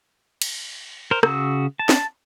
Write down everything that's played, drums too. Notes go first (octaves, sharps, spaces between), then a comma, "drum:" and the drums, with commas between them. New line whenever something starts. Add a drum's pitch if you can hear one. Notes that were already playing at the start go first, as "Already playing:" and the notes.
drum: cymbal
A#4 C5
C#3 F#4 D#6 E6, drum: rim click
A5
drum: snare